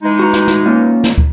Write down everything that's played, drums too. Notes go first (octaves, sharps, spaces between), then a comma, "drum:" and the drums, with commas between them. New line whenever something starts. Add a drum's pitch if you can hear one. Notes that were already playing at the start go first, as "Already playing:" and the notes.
E3 G#3 D#4
F#4 A#5
drum: snare
drum: snare
A#3 C#4 F4
drum: snare
drum: kick